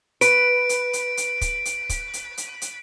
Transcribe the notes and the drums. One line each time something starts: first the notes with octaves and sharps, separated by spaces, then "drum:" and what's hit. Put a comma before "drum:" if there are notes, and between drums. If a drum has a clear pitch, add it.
B4 D7, drum: hi-hat
drum: hi-hat
drum: hi-hat
drum: hi-hat
drum: kick, hi-hat
drum: hi-hat
drum: kick, hi-hat
drum: hi-hat
drum: hi-hat
drum: hi-hat